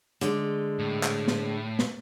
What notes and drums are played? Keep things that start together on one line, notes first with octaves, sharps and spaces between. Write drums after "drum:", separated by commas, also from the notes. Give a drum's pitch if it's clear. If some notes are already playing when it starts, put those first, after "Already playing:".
D3 G#3, drum: hi-hat
A2
drum: clap
drum: snare
drum: snare